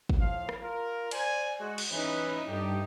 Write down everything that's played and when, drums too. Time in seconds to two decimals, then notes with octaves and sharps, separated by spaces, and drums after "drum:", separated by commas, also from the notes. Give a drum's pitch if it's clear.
0.09 drum: kick
0.20 A2 F3 F5
0.49 drum: rim click
0.61 F4 A#4
1.11 C5 D5 G#5, drum: cymbal
1.60 G#3 F#4
1.78 drum: cymbal
1.92 E3 C#4 D#4 B4
2.48 G2 A3 D#4 G4